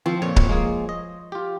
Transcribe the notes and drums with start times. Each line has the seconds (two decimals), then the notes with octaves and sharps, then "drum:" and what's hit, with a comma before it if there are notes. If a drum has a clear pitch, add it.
0.06 F3 C4
0.22 F2 A#2 C#5
0.36 drum: kick C#1
0.49 G#3 A#3 G#4
0.89 D#5
1.32 F4 G4